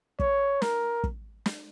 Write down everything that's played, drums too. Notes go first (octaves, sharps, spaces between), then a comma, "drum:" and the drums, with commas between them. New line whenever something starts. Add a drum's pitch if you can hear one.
C#5, drum: kick
A#4, drum: snare
drum: kick
drum: snare